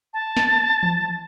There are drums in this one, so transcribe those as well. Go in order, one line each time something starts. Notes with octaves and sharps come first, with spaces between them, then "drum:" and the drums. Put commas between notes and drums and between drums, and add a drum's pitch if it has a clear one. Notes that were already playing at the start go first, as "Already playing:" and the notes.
A5
drum: snare
drum: tom E3